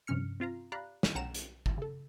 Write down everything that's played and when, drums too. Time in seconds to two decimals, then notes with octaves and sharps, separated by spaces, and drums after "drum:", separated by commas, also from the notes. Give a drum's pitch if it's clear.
0.07 G2 C3 F3 C#4 F6 C#7
0.40 C4 F4 F5 A#5
0.72 G4 D5 F5 A#5 B5 F#6
1.03 drum: snare
1.15 B1 C#4 F#5 G5 A#5 E7
1.35 drum: hi-hat
1.66 drum: kick G1
1.78 C#3 A4